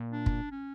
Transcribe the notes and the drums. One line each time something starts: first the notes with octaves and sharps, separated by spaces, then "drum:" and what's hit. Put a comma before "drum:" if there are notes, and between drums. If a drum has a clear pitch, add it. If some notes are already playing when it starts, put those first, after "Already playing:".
Already playing: A#2
D4
drum: kick
C#4